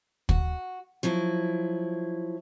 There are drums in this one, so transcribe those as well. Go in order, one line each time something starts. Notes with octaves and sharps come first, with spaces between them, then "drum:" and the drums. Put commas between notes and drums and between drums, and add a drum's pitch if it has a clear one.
F#4, drum: kick
F3 F#3 E4